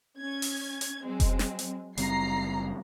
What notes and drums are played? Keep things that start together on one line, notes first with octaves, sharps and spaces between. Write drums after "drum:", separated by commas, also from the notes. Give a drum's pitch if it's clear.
C#4 G#6
drum: open hi-hat
drum: hi-hat
F#3 G#3 C4
drum: kick F1, hi-hat
drum: snare
drum: hi-hat
F#1 G3 C4 A#5 C7, drum: hi-hat